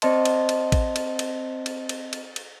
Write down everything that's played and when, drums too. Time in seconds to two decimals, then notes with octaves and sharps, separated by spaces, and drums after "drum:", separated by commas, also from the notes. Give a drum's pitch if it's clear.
0.02 C4 C5 D5 D#5 A5 C6, drum: cymbal
0.25 drum: cymbal
0.49 drum: cymbal
0.72 drum: kick A1, cymbal
0.96 drum: cymbal
1.19 drum: cymbal
1.66 drum: cymbal
1.89 drum: cymbal
2.13 drum: cymbal
2.36 drum: cymbal